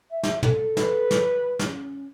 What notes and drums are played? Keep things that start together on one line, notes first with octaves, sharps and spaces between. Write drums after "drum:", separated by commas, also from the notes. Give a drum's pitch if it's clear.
E5
drum: snare
A4, drum: tom
B4, drum: snare
drum: snare
C#4, drum: snare